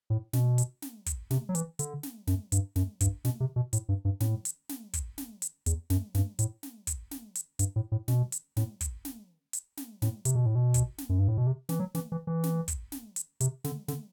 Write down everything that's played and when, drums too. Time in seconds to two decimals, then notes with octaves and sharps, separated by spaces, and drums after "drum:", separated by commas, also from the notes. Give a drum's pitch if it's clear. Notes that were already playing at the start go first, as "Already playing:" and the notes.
0.10 A2
0.33 B2, drum: snare
0.58 drum: hi-hat
0.82 drum: snare
1.06 drum: kick, hi-hat
1.30 C3, drum: snare
1.49 F#3
1.55 E3, drum: hi-hat
1.79 D3, drum: hi-hat
2.03 drum: snare
2.27 F#2, drum: snare
2.52 G2, drum: hi-hat
2.76 F#2, drum: snare
3.01 G2, drum: kick, hi-hat
3.25 B2, drum: snare
3.40 C3
3.56 B2
3.73 A2, drum: hi-hat
3.89 G2
4.05 G2
4.20 A2, drum: snare
4.45 drum: hi-hat
4.69 drum: snare
4.93 drum: kick, hi-hat
5.18 drum: snare
5.42 drum: hi-hat
5.66 E2, drum: hi-hat
5.90 F#2, drum: snare
6.15 G2, drum: snare
6.39 A2, drum: hi-hat
6.63 drum: snare
6.87 drum: kick, hi-hat
7.11 drum: snare
7.35 drum: hi-hat
7.59 G2, drum: hi-hat
7.76 A2
7.92 A2
8.08 B2, drum: snare
8.32 drum: hi-hat
8.57 A2, drum: snare
8.81 drum: kick, hi-hat
9.05 drum: snare
9.53 drum: hi-hat
9.77 drum: snare
10.02 A2, drum: snare
10.25 C3, drum: hi-hat
10.35 B2
10.46 A2
10.55 B2
10.74 drum: kick, hi-hat
10.98 drum: snare
11.09 F#2
11.19 G2
11.28 A2
11.37 B2
11.47 C3
11.69 E3, drum: snare
11.80 F#3
11.95 E3, drum: snare
12.12 E3
12.27 E3
12.43 drum: snare
12.68 drum: kick, hi-hat
12.92 drum: snare
13.16 drum: hi-hat
13.40 C3, drum: hi-hat
13.64 D3, drum: snare
13.88 D3, drum: snare